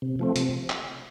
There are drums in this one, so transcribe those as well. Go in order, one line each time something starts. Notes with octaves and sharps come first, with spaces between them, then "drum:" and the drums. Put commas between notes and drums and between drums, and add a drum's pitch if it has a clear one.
C3
F3 A3 C4
C3, drum: hi-hat
drum: clap